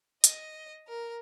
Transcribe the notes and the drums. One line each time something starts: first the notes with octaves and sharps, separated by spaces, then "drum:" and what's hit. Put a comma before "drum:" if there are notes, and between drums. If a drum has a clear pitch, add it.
D#5, drum: hi-hat
A#4